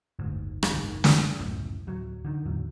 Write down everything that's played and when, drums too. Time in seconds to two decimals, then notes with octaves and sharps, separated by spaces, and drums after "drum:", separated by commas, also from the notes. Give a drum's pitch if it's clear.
0.19 F#1 D2 G#2
0.63 drum: rim click
0.72 F#1 C2 G#2 D#3
1.04 drum: snare
1.39 G1 C#2 F#2 A2
1.87 D1 F#3
2.25 D3 D#3
2.46 E2 A2 D3 F#3